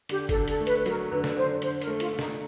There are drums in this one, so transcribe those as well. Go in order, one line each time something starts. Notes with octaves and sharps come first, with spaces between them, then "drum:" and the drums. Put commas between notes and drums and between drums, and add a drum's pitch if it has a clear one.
D3 G4, drum: hi-hat
A4, drum: kick, hi-hat
D3
A4, drum: hi-hat
A3
B4, drum: hi-hat
F#3 A#4, drum: hi-hat
D3 B4
drum: snare
D3 C5
D3 C5, drum: hi-hat
A#4, drum: hi-hat
A3
F4, drum: hi-hat
D3
D#4, drum: snare